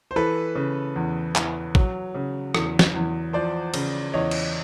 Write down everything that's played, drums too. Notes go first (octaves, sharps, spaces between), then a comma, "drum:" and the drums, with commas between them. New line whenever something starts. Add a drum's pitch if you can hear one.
C5
E3 A4 B4
C#3
E2
E2, drum: clap
F#3, drum: kick A1
C#3
E2, drum: rim click
drum: snare
E2
F3 C5 D5
C#3, drum: cymbal
E2 C#5 D#5
drum: cymbal